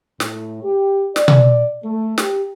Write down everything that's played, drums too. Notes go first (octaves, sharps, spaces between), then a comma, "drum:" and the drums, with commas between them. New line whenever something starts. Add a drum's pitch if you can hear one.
A2, drum: snare
G4
D5, drum: snare
drum: tom B2
A3
G4, drum: snare